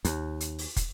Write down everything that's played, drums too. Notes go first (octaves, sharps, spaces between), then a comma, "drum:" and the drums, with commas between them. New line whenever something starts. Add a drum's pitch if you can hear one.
D#2, drum: hi-hat
drum: hi-hat
drum: open hi-hat
drum: kick, hi-hat